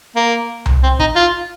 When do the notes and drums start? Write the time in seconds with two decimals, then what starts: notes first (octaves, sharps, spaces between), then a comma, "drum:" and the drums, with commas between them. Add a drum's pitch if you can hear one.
0.16 A#3
0.66 drum: tom C2
0.83 C4
1.00 D#4, drum: kick
1.15 F4